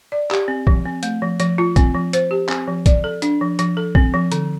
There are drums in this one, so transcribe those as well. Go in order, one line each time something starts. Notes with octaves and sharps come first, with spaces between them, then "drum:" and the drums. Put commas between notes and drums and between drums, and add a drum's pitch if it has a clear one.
D5
G4, drum: clap
C4
F3, drum: kick A#1
C4
A3, drum: hi-hat
F3
F3, drum: hi-hat
F4
C4, drum: kick A#1, hi-hat
F3
C5, drum: hi-hat
G4
C4, drum: clap
F3
D5, drum: kick A#1, hi-hat
A4
D4, drum: hi-hat
F3
F3, drum: hi-hat
A4
C4, drum: kick A#1
F3
D3, drum: hi-hat